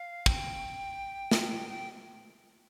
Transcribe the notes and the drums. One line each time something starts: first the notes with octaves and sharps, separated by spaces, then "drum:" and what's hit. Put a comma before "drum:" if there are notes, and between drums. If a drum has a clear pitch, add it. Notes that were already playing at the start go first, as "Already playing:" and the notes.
Already playing: F5
G5, drum: kick
drum: snare
G5